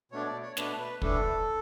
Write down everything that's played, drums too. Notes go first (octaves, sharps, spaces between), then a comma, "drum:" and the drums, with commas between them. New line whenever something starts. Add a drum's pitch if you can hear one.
B2 A3 D4 C#5
D5
C#5
B2 A3 D4 B4, drum: snare
B4
A2 E3 A3 D4 A4, drum: kick